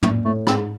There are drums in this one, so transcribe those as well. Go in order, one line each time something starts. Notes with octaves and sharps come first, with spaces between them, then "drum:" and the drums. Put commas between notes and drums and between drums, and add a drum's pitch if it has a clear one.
A#2 A3, drum: tom
A2 A3
G#2 C4, drum: rim click